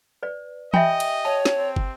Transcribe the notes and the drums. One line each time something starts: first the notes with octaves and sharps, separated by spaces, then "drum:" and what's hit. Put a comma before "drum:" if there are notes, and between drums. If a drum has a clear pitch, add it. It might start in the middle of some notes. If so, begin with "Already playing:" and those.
B4 D5
G4 D#5 E5 G#5 B5, drum: tom E3
drum: cymbal
C#5 A5
drum: snare
C4
drum: kick